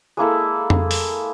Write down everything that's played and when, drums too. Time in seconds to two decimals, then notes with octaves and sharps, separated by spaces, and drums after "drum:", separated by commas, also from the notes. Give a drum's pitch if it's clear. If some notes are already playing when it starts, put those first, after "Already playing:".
0.17 G#3 A#3 E4 A4
0.70 drum: tom F2
0.91 drum: open hi-hat